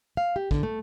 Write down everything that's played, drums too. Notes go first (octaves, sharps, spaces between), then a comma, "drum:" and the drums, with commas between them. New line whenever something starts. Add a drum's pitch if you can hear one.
F5
G4
D3, drum: kick
A3